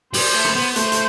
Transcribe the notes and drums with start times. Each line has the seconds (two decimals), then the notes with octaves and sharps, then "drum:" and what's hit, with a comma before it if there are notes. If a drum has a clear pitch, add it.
0.14 G3 C5, drum: open hi-hat
0.35 A3
0.45 drum: rim click
0.55 B3
0.76 A3 C5, drum: hi-hat
0.92 drum: hi-hat